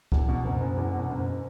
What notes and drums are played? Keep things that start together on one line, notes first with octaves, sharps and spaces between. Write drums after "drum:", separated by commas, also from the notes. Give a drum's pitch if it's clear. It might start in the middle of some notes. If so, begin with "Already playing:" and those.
E2, drum: kick C#2
B2
F#1
F#1
E2
B2
F#1